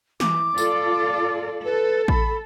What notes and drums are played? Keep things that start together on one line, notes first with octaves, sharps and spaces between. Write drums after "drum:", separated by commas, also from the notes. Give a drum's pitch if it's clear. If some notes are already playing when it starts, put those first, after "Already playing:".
E3 D6, drum: snare
F4 A4 D5, drum: tambourine
A4 B4
B5, drum: kick A1